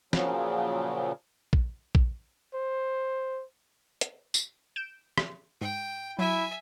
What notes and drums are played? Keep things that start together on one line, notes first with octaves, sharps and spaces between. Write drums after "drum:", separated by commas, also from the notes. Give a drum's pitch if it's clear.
A#2 C#3 F3 F#3, drum: snare
drum: kick A#1
drum: kick A#1
C5
drum: hi-hat
drum: tambourine
G6 D7 E7
drum: rim click
G#2 G5
F#3 E4 E5 G#5